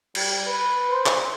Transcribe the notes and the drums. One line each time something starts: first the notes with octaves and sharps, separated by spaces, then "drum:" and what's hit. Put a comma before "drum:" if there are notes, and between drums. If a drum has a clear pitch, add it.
G3, drum: cymbal
B4
C5
drum: clap